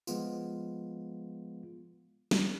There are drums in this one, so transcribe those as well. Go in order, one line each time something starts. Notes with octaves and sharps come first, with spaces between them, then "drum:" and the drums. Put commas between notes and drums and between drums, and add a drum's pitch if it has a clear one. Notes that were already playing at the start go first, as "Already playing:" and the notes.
F3 G#3 B3 F4, drum: tambourine
drum: snare